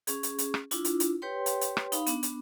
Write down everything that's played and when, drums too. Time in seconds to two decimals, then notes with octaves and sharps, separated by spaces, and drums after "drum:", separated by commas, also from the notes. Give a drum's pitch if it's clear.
0.07 C#4 G#4, drum: hi-hat
0.23 drum: hi-hat
0.38 drum: hi-hat
0.54 drum: rim click
0.71 D4 E4 F4, drum: hi-hat
0.85 drum: hi-hat
1.00 drum: hi-hat
1.22 G4 B4 C#5 G5 C6
1.46 drum: hi-hat
1.61 drum: hi-hat
1.77 drum: rim click
1.92 D#4 F5 B5, drum: hi-hat
2.06 B3 D4, drum: hi-hat
2.23 drum: hi-hat